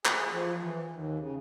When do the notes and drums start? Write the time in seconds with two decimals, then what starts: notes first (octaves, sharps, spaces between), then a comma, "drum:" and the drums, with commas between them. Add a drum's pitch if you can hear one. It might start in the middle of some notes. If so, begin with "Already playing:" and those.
0.05 G#4, drum: clap
0.32 F3
0.60 E3
0.91 D#2
1.19 C#3